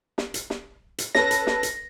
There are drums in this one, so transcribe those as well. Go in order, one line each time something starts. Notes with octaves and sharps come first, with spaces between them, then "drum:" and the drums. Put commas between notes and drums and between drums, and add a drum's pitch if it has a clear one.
drum: snare
drum: hi-hat
drum: snare
drum: hi-hat
C#4 A4 B4 A#6, drum: snare
drum: hi-hat
drum: snare
drum: hi-hat